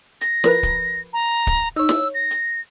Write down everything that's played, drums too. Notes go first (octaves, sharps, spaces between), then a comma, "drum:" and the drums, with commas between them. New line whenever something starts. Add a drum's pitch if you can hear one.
A#6, drum: hi-hat
F3 A#4 B4, drum: snare
drum: kick D1, hi-hat
A#5
drum: kick D1, hi-hat
D#4 C#5 E6
drum: snare
A#6
drum: hi-hat